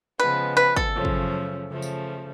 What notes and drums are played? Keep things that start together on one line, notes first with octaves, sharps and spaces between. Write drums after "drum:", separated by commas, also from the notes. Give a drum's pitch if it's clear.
C#3 F3 G#3 B3 B4
B4
A4, drum: kick
F#2 C#3 F3 A3 C#4
drum: kick
C#3 F3 A3
drum: tambourine